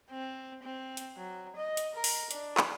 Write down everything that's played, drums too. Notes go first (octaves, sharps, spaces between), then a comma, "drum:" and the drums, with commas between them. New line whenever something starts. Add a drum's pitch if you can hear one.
C4
C4
drum: hi-hat
F#3
D#5
drum: hi-hat
A#4
drum: open hi-hat
D4, drum: hi-hat
drum: clap